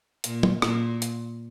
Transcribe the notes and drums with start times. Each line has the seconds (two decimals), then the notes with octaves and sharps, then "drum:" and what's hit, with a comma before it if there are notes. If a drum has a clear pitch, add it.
0.24 A#2, drum: hi-hat
0.43 drum: tom
0.62 A#2, drum: rim click
1.02 drum: hi-hat